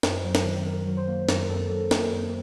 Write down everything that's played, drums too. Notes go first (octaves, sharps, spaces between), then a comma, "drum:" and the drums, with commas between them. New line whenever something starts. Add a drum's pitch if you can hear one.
F#2 C5, drum: snare
F#3
drum: snare
D#3
D#3 A#4
F#3
C5
A#3
F#2 A#4, drum: snare
F#2 A4
F#3 A4
A#3 A#4, drum: snare
F#2